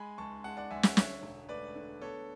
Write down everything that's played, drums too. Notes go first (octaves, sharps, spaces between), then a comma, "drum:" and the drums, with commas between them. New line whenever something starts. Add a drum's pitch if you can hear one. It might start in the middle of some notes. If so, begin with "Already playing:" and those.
Already playing: G#3 G#5 B5
C#2 A5 C#6
G#3 F#5 A5
D5 F#5
C#2 E5 G#5
E5 G#5, drum: snare
D3 C#5 E5, drum: snare
E1
A3 B4 D5
D3
B3 A4 C#5